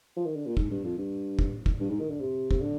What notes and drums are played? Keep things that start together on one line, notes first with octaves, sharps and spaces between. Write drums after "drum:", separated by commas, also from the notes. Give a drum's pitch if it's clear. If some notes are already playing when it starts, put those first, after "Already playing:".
F3
D#3
D3
A#2
G#2, drum: kick
G2
F2
G2
drum: kick
drum: kick
G2
G#2
D#3
D3
C3
C3, drum: kick
D3